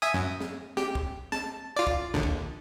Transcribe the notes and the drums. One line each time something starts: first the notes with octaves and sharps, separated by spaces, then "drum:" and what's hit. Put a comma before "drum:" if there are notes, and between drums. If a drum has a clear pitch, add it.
E5 G#5 D#6
F#2
drum: snare
G4, drum: snare
drum: kick
A5, drum: snare
F4 D5
drum: kick
A#1 D#2 D3
drum: kick